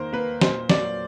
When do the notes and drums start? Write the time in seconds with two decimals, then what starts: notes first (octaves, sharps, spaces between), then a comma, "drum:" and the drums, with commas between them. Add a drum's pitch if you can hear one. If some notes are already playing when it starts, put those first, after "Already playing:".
Already playing: D#3 A#3 A#4 C5
0.13 A#3 B4
0.41 A#2 C5, drum: snare
0.70 F#3 D5, drum: snare